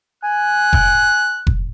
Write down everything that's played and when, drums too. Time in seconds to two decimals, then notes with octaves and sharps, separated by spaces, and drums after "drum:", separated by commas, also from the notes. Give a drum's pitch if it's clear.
0.23 G#5 F#6
0.73 drum: kick F1
1.47 drum: kick F1